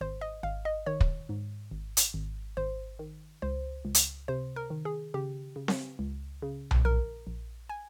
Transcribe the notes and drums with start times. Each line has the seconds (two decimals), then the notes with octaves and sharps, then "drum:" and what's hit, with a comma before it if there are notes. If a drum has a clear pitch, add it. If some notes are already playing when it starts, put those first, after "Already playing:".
0.01 G#1 C5
0.21 D#5
0.43 G#1 F5
0.65 D#5
0.86 D#3 C#5
1.01 drum: kick
1.29 G#2
1.71 G#1
1.97 drum: hi-hat
2.14 G#1
2.57 G#1 C5
2.99 D#3
3.42 C#2 C5
3.85 C#2
3.94 drum: hi-hat
4.28 C3 C5
4.56 A#4
4.70 D#3
4.85 G#4
5.14 C#3 G4
5.56 C#3
5.68 drum: snare C4
5.99 C#2
6.42 C#3
6.71 drum: tom B1
6.85 A#1 A#4
7.27 A#1
7.69 G#5